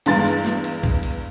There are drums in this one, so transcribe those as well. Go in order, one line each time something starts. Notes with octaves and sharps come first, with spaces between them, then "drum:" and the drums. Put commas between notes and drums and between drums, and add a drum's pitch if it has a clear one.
E2 G2 G#3 C6 A6, drum: cymbal
drum: cymbal
drum: snare
drum: cymbal
drum: kick, cymbal
drum: cymbal